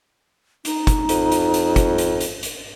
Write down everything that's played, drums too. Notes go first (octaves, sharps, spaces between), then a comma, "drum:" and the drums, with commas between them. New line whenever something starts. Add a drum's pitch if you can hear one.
D#4, drum: hi-hat
drum: kick, hi-hat
F2, drum: hi-hat
drum: hi-hat
drum: hi-hat
drum: kick, hi-hat
drum: hi-hat
drum: hi-hat
drum: hi-hat